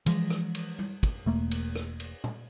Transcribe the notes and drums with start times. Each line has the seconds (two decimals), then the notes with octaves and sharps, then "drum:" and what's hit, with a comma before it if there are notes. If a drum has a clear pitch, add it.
0.06 E3 F3 G#3, drum: cymbal
0.30 drum: rim click
0.55 drum: cymbal
0.79 drum: tom G3
1.03 drum: kick, cymbal
1.26 E1 A3 A#3
1.51 drum: cymbal
1.76 drum: rim click
2.00 drum: cymbal
2.24 drum: tom A#2